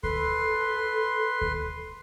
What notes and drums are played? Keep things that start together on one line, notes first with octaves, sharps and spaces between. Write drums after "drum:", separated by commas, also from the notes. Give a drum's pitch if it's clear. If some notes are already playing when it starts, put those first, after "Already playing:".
A4 B4 C6, drum: kick D2
drum: kick D2